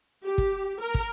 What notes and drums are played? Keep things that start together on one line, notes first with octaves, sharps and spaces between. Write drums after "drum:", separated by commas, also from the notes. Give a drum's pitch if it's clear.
G4
drum: kick
A#4
drum: kick